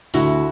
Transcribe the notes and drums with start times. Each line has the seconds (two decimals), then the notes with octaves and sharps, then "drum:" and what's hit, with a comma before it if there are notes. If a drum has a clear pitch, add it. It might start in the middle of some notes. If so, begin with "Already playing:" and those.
0.14 D2 E4 F#4, drum: hi-hat